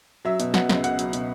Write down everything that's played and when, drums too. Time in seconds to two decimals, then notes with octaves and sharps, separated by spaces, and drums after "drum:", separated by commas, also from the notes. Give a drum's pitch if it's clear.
0.25 F#3 E5
0.40 B2, drum: hi-hat
0.54 B2 F#5, drum: snare
0.69 C#2, drum: snare
0.84 C#2 F#5, drum: hi-hat
0.99 F#3, drum: hi-hat
1.13 B2, drum: hi-hat